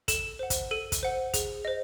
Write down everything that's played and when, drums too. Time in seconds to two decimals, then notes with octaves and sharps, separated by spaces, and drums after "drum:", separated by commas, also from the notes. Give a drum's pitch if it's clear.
0.08 A4 E7, drum: kick, hi-hat
0.39 C5 F#5
0.50 drum: kick, hi-hat
0.71 A4 D#7
0.92 drum: kick, hi-hat
1.03 C5 F#5
1.34 G#4, drum: kick, hi-hat
1.65 C5 D#5